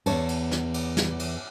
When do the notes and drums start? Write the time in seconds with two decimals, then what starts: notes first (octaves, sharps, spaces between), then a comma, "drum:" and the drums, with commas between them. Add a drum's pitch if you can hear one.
0.06 E2 G2 C#5 A5, drum: cymbal
0.29 drum: cymbal
0.51 drum: snare
0.74 drum: cymbal
0.97 drum: snare
1.19 drum: cymbal